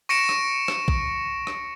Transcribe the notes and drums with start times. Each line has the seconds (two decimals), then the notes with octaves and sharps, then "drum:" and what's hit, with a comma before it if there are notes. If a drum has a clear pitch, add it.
0.09 C#6 A#6 C#7 D7 E7
0.29 drum: rim click
0.68 drum: rim click
0.88 drum: kick A#1
1.47 drum: rim click